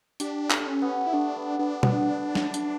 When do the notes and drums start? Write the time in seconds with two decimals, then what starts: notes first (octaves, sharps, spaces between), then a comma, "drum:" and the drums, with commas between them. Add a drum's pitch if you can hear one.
0.20 D4 G4, drum: hi-hat
0.51 A4, drum: clap
0.60 D4
0.67 C#4
0.82 B3
1.06 E4
1.13 A3 D4
1.36 B3
1.59 B3 D4
1.83 B3, drum: tom
2.35 drum: snare
2.54 drum: hi-hat